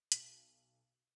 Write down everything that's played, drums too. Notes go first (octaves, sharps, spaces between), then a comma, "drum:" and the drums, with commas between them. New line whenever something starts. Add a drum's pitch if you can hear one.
B1, drum: hi-hat